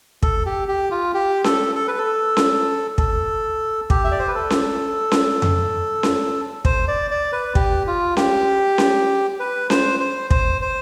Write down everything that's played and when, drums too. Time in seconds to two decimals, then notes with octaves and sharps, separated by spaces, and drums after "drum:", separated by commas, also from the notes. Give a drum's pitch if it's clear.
0.23 A4, drum: kick
0.46 G4
0.68 G4
0.91 F4
1.14 G4
1.44 A4, drum: snare C#4
1.75 A4
1.88 B4
1.98 A4
2.37 drum: snare C#4
2.98 A4, drum: kick
3.90 G4, drum: kick
4.04 E5
4.11 D5
4.19 C5
4.28 B4
4.35 A4
4.50 drum: snare C#4
5.12 drum: snare C#4
5.42 drum: tom F2
6.03 drum: snare C#4
6.65 C5, drum: kick
6.88 D5
7.11 D5
7.32 B4
7.55 G4, drum: kick
7.87 F4
8.17 G4, drum: snare C#4
8.78 drum: snare C#4
9.40 B4
9.70 C5, drum: snare C#4
10.00 C5
10.31 C5, drum: kick
10.61 C5